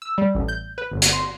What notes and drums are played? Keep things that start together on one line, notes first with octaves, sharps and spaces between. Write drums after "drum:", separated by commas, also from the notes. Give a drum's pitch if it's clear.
E6
G3
A1
G6
B4
G1
drum: hi-hat
C6